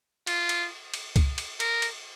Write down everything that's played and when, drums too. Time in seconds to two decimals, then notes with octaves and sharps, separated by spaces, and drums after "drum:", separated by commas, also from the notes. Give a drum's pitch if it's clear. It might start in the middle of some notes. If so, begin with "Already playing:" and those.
0.27 F4, drum: cymbal
0.49 drum: cymbal
0.94 drum: cymbal
1.16 drum: kick C#2, cymbal
1.38 drum: cymbal
1.60 A#4, drum: cymbal
1.82 drum: cymbal